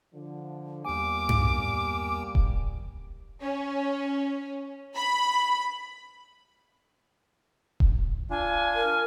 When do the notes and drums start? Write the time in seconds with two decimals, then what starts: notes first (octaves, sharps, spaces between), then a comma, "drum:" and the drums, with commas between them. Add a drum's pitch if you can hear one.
0.14 D3 F3
0.85 E2 G3 A#3 G#5 D6
1.29 drum: tom G2
2.35 drum: kick D#1
3.42 C#4
4.96 B5
7.80 drum: kick D#1
8.30 D4 F4 G#5
8.75 A#4